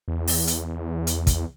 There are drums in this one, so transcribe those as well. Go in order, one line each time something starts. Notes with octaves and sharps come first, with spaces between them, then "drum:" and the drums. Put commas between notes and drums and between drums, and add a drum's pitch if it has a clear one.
E2
drum: open hi-hat
drum: hi-hat
drum: hi-hat
drum: kick, hi-hat